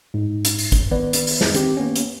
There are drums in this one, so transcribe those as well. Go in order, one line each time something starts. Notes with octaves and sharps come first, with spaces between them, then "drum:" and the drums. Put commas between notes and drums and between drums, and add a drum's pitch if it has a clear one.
G#2
drum: hi-hat
drum: open hi-hat
drum: kick, hi-hat
D#3 B3 B4 D5
drum: hi-hat
drum: open hi-hat
drum: snare
D#3 C4 G4, drum: hi-hat
A#3 B3 C#4
drum: hi-hat